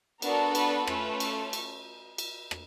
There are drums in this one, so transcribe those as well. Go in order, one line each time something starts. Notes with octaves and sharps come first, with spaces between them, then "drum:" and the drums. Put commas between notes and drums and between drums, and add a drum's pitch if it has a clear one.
B3 D4 F#4 A4 A#4, drum: cymbal
B4, drum: cymbal
A3 C#4 F4 B4, drum: rim click
drum: cymbal
drum: cymbal
drum: cymbal
drum: rim click